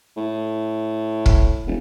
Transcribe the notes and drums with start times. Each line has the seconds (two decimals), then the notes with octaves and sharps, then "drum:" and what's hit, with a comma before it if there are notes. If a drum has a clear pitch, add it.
0.17 A2
1.26 drum: kick
1.67 E1